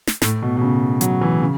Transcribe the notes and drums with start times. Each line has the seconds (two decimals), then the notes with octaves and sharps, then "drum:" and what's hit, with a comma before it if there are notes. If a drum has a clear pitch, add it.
0.07 drum: snare
0.22 A2, drum: snare
0.42 B2
0.57 B2
0.61 C#3
1.01 F#3, drum: hi-hat
1.21 E3
1.41 C#3